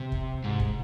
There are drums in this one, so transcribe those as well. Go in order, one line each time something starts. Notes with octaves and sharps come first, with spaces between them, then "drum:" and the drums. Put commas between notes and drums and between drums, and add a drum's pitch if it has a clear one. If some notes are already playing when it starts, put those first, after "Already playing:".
Already playing: C3
drum: kick
G#2
drum: kick